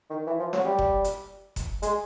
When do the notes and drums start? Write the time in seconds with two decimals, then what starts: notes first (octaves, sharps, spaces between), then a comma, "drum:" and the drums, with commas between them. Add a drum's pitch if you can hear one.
0.10 D#3
0.27 E3
0.39 F3
0.53 F#3, drum: snare
0.65 G3
0.79 drum: kick F#1
1.04 drum: hi-hat
1.56 drum: kick F#1, hi-hat
1.83 G#3, drum: hi-hat